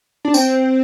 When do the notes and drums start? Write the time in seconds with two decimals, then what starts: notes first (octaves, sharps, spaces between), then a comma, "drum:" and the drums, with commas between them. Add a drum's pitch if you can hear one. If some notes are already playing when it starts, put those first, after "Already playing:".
0.25 D4
0.34 C4, drum: tambourine